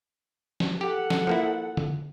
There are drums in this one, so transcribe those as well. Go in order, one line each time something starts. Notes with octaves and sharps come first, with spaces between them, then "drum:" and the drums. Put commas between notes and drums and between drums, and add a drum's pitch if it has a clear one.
drum: snare
G4 A4 F#5
drum: snare
F3 A#3 E4
drum: tom D3